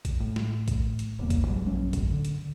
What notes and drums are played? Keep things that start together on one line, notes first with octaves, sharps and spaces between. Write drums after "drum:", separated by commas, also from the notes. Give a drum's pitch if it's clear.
drum: kick, hi-hat
A2
drum: snare
drum: kick, hi-hat
drum: hi-hat
D1 E2 A#3
drum: kick, hi-hat
C2 G2 F#3 G#3
A#1 G2 F#3 C#4
E1 F#2 A2, drum: kick, hi-hat
D3
drum: hi-hat